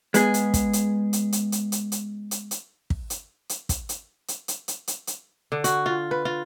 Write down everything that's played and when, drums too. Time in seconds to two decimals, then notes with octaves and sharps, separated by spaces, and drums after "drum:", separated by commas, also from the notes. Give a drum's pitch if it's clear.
0.14 G#3 B3 G#4, drum: hi-hat
0.34 drum: hi-hat
0.54 drum: kick, hi-hat
0.73 drum: hi-hat
1.13 drum: hi-hat
1.33 drum: hi-hat
1.52 drum: hi-hat
1.72 drum: hi-hat
1.92 drum: hi-hat
2.31 drum: hi-hat
2.51 drum: hi-hat
2.90 drum: kick
3.10 drum: hi-hat
3.49 drum: hi-hat
3.69 drum: kick, hi-hat
3.89 drum: hi-hat
4.28 drum: hi-hat
4.48 drum: hi-hat
4.68 drum: hi-hat
4.88 drum: hi-hat
5.07 drum: hi-hat
5.52 D3
5.64 F#4, drum: hi-hat
5.86 F4
6.11 B4
6.25 F4